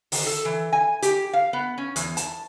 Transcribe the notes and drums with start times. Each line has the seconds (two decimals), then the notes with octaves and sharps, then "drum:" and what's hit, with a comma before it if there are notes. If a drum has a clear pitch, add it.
0.12 D#3, drum: open hi-hat
0.27 A4
0.45 E3
0.72 G#5
1.02 G4, drum: hi-hat
1.33 F5
1.53 B3
1.78 C#4
1.96 E2, drum: hi-hat
2.17 A5, drum: hi-hat